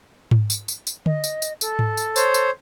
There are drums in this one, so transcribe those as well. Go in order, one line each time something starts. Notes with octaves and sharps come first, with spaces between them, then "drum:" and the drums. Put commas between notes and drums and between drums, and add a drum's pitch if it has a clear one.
drum: tom G#2
drum: tambourine
drum: tambourine
drum: tambourine
D#5, drum: tom D3
drum: tambourine
drum: tambourine
A4, drum: tambourine
drum: tom G#2
drum: tambourine
C5 C#5, drum: tambourine
drum: tambourine